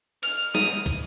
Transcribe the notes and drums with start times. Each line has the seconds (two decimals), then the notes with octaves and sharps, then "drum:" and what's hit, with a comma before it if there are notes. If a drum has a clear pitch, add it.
0.23 F6, drum: cymbal
0.55 D#6, drum: snare
0.86 drum: kick, cymbal